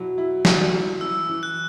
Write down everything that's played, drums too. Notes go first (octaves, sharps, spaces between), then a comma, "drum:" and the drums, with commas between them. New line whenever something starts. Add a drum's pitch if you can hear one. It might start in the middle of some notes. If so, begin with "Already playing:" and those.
Already playing: B2 F#3 E4
E4
E4, drum: snare
E4
E3 E6
E3
F#6